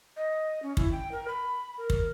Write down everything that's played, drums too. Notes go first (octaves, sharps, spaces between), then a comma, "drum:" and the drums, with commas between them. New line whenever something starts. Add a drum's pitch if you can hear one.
D#5
C#4
E4, drum: kick
G5
A#4
B5
A#4
drum: kick